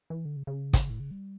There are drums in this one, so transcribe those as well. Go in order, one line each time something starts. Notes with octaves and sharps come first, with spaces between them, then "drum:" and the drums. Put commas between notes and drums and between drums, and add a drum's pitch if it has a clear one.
E3
D3
C#3
C#3
drum: kick, hi-hat
A2
C#3
G3